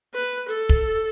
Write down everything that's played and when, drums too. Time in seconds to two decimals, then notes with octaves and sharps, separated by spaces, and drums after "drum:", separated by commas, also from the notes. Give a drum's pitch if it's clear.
0.14 B4
0.48 A4
0.69 drum: kick